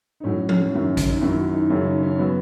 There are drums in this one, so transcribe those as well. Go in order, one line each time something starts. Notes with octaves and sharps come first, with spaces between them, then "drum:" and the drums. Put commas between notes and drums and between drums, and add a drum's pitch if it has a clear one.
D#4
A2 F#3 C#4
C#4, drum: tom F3
F#2 D#3 F#3
drum: kick A1, hi-hat
D#4
F#2 D#3 F#3 E4
F#4
D#4
F#2 C#3 F#3 C#4
D#4
C#4
F#3 B3